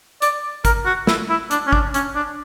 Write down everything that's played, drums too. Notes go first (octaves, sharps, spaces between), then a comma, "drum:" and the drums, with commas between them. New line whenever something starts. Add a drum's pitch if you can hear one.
D5, drum: hi-hat
A#4, drum: kick, hi-hat
F#4
E4, drum: snare
E4
D4, drum: hi-hat
C#4
D4, drum: kick
C#4, drum: hi-hat
D4